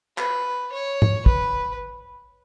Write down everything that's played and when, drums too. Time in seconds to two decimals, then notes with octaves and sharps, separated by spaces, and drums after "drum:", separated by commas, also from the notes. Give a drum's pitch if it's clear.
0.18 B4, drum: clap
0.72 C#5
1.02 drum: tom
1.26 B4, drum: kick